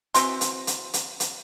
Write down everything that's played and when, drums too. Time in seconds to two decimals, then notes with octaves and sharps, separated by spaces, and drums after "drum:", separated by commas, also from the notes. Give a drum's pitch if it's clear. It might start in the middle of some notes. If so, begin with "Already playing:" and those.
0.14 E3 C4 F#4 C6, drum: hi-hat
0.41 drum: hi-hat
0.67 drum: hi-hat
0.94 drum: hi-hat
1.20 drum: hi-hat